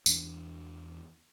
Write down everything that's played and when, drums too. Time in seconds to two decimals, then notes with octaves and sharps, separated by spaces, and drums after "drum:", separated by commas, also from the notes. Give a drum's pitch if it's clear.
0.06 E2 E3 G3 D4, drum: tambourine